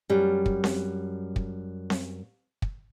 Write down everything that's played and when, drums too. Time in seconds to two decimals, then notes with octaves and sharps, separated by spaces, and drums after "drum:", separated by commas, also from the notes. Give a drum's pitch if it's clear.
0.09 F#2 G3
0.46 drum: kick
0.64 drum: snare C4
1.36 drum: kick
1.90 drum: snare C4
2.62 drum: kick